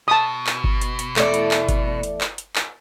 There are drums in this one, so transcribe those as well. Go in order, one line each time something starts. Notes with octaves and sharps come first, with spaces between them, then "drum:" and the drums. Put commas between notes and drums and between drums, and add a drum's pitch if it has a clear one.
B2 A5 D#6
drum: clap
drum: kick G1
drum: hi-hat
drum: hi-hat
E2 A3 A4 D5, drum: clap
drum: hi-hat
drum: clap
drum: kick G1, hi-hat
drum: hi-hat
drum: clap
drum: hi-hat
drum: clap